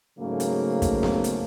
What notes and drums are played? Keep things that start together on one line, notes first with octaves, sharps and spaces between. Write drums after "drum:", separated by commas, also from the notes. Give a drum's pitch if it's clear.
G#2 C#3 F#3 A3 A#3
drum: hi-hat
drum: kick, hi-hat
drum: snare B3
drum: hi-hat